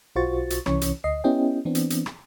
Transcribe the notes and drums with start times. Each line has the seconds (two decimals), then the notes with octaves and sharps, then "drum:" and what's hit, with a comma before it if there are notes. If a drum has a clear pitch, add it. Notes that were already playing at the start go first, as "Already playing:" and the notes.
0.16 B1 F4 F#4 C5 C#6 A6
0.50 drum: hi-hat
0.66 C2 E3 C#4 C#5 C#6, drum: rim click
0.81 drum: hi-hat
1.04 D2 D#5 C7
1.24 B3 C#4 E4 G4 D#5 G5
1.65 E3 B3 C4 D4
1.75 drum: hi-hat
1.90 drum: hi-hat
2.06 drum: rim click